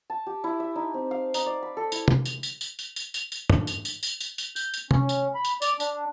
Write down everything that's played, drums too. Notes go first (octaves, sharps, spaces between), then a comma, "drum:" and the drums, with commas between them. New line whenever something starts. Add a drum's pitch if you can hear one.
A5
G4
E4
E5
D#4
C4
F5
D#4, drum: tambourine
D5
B5
A4
E4, drum: tambourine
drum: tom
drum: tambourine
drum: tambourine
drum: tambourine
drum: tambourine
drum: tambourine
drum: tambourine
drum: tambourine
drum: tom
drum: tambourine
drum: tambourine
drum: tambourine
drum: tambourine
drum: tambourine
G6, drum: tambourine
drum: tambourine
C#4, drum: tom C3
drum: tambourine
B5
drum: tambourine
D5, drum: tambourine
D4, drum: tambourine